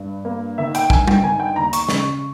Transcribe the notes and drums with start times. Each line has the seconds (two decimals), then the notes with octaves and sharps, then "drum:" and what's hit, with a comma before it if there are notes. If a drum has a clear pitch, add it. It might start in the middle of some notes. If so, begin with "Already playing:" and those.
Already playing: G2
0.25 A#3
0.58 D#3 E5
0.75 G5, drum: hi-hat
0.90 G2 G#5, drum: kick
1.08 G5, drum: tom G3
1.23 D#3 G#5
1.40 G5
1.56 D#2 A#5
1.73 C#6, drum: hi-hat
1.89 C#3, drum: snare